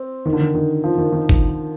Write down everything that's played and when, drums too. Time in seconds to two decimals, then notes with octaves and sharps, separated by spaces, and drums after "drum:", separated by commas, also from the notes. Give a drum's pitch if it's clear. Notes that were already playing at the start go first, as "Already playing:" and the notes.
Already playing: C4
0.26 D#3
0.33 D3
0.40 D#3
0.54 D#3
0.84 F3
0.98 D#3
1.12 D#3
1.29 drum: kick